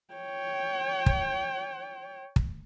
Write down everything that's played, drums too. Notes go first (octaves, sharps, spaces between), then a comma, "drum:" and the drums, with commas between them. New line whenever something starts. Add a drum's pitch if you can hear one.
C#5 G5
drum: kick
drum: kick